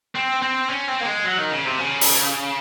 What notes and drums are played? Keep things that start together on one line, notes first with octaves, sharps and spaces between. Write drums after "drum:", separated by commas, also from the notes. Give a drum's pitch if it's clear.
C4
C4
C#4
C4
A#3
G#3
F#3
D#3
C#3
C3
C#3
drum: open hi-hat